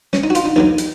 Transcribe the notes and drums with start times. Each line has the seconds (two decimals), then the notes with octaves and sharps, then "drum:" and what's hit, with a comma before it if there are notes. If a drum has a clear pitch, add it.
0.13 C#4, drum: snare
0.24 D#4
0.30 F#4
0.35 F4, drum: hi-hat
0.45 D#4
0.56 D#2 D#3 F#3 D#4
0.78 drum: hi-hat